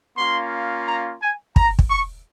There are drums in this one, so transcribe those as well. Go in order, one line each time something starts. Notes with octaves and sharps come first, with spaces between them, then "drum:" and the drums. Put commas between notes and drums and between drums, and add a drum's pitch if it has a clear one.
A#3 C#4 F4 C6
A#5
G#5
A#5, drum: kick
drum: kick
C#6